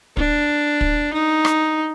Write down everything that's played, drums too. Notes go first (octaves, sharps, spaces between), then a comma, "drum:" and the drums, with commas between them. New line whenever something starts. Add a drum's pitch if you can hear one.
D4, drum: kick
drum: kick
D#4
drum: rim click